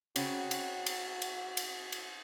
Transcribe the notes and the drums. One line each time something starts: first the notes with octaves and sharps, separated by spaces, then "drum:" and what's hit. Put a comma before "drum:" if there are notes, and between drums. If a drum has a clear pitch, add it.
C#3 C4 C#4 F#4, drum: cymbal
drum: cymbal
drum: cymbal
drum: cymbal
drum: cymbal
drum: cymbal